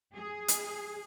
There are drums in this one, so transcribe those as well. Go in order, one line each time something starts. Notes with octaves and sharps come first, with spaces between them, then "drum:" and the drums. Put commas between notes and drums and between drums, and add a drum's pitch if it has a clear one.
G#4
drum: hi-hat